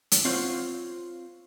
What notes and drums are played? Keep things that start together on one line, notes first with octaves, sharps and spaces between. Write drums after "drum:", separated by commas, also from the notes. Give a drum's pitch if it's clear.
drum: hi-hat
C4 F4 C5 C#5 F5 F#5